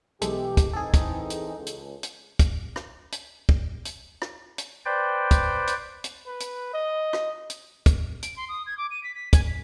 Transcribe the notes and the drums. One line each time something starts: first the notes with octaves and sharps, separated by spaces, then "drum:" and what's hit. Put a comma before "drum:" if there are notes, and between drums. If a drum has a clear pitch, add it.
B1 E3 G#3 G4 A4, drum: hi-hat
drum: kick, hi-hat
E3 C4 D#4 G#4 A4
drum: kick, hi-hat
drum: hi-hat
C#2
drum: hi-hat
drum: hi-hat
drum: kick, hi-hat
drum: rim click
drum: hi-hat
drum: kick
drum: hi-hat
drum: rim click
drum: hi-hat
B4 C5 D5 G5
drum: kick, hi-hat
drum: hi-hat
drum: hi-hat
B4
drum: hi-hat
D#5
drum: rim click
drum: hi-hat
drum: kick, hi-hat
D7, drum: hi-hat
C6
D#6
G#6
D6
D#7
B6
B6
G#5, drum: kick, hi-hat
B6